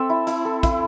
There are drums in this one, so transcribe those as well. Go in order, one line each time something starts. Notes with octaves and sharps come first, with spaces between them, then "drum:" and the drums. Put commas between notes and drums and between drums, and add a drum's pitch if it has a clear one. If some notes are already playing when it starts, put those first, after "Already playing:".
Already playing: C4 A4 E5
E4
E4, drum: hi-hat
A4
E4, drum: kick, hi-hat